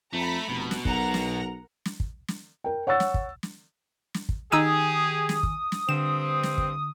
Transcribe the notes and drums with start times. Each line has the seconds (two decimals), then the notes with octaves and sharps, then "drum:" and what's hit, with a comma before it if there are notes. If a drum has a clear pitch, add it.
0.13 F2 A3 A#5 B5
0.49 F1 B2
0.71 drum: snare
0.85 B1 A#4 F#5 A#5, drum: kick
1.14 drum: snare
1.85 drum: snare
2.00 drum: kick
2.28 drum: snare
2.64 A#4 G5
2.87 C#5 F#5 C#6 E6 A6
3.00 drum: snare
3.14 drum: kick
3.43 drum: snare
4.14 drum: snare
4.29 drum: kick
4.52 D#3 D#4 G4 G#4 G#5 D#6 E6 D#7
5.29 drum: snare
5.43 drum: kick
5.72 drum: snare
5.89 G2 D3 C4 E7
6.43 drum: snare
6.58 drum: kick